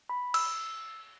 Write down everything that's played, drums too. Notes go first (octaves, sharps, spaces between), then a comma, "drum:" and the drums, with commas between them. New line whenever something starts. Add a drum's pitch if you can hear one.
B5
E6, drum: cymbal